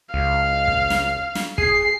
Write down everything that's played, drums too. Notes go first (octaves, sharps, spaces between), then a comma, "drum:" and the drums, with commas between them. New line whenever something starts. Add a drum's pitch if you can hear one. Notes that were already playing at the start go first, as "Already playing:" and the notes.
C#2 F5
drum: kick
drum: snare
drum: snare
G#4 C7, drum: kick